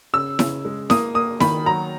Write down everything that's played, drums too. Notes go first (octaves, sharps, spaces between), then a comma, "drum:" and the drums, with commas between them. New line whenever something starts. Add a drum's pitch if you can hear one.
C#3 E6
C#3, drum: snare E4
G#3
A#3 D#6, drum: snare E4
A#3 D#6
D#3 B5, drum: snare E4
F#3 A#5